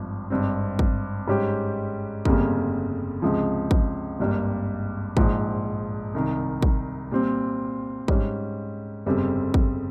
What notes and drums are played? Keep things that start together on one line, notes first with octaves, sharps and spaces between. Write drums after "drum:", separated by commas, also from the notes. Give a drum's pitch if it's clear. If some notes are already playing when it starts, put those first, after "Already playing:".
Already playing: G#1 G2 F3
G#1 G2 G3 C4
drum: kick
G#2 G3 C#4 G4
G1 F2 C#3 G3 A#3, drum: kick
C#2 C3 F3 G#3
drum: kick
G#1 G2 G3 A#3
A#1 G#2 F3, drum: kick
C2 C3 D#3
drum: kick
A#2 G3 C4
G#2 G3 C#4, drum: kick
G1 F2 C#3 G3 C4
drum: kick